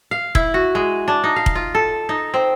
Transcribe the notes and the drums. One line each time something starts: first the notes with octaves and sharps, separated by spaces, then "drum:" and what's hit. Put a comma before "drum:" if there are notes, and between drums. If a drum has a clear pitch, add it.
F5
E4, drum: kick F1
F#4
G#3
D4
D#4
F5
drum: kick F1
F4
A4
D#4
C4